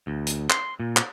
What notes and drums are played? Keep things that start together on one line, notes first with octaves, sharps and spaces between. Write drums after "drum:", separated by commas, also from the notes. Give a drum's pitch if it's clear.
D2
drum: hi-hat
C6, drum: clap
A#2
drum: clap